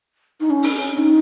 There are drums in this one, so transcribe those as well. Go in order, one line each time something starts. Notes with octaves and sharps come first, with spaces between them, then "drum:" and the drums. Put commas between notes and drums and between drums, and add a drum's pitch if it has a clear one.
D#4
C#4
drum: open hi-hat
C#4
C#4
D#4